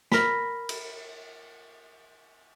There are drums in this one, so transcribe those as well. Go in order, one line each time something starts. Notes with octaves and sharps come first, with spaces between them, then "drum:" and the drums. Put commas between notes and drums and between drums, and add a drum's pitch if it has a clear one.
A#4 B5, drum: snare
drum: cymbal